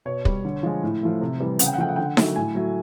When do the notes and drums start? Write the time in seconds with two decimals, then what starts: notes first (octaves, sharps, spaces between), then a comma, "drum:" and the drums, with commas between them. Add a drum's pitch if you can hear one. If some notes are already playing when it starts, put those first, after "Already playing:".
0.05 B2 C#5
0.25 G3, drum: kick
0.44 D3
0.63 F3 G#3
0.83 A2
1.03 F3 A3
1.21 C3
1.40 E3 G3
1.59 C#3 F#5, drum: hi-hat
1.66 G5
1.74 F#5
1.78 F3 A3 G5
1.89 F#5
1.96 D3 G5
2.04 F#5
2.17 F#3 A3, drum: snare D#4
2.36 A2 G#5
2.55 F#3 A3